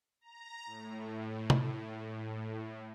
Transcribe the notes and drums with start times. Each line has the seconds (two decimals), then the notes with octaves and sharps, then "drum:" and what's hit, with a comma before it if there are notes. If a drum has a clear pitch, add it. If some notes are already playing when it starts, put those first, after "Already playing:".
0.21 A#5
0.66 A2
1.50 drum: tom C3